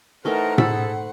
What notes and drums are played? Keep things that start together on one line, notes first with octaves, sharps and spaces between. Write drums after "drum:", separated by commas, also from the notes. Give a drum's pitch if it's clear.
E3 A3 D#4 A4 A#4 C5 F#5
G#4 A4 B5, drum: tom A2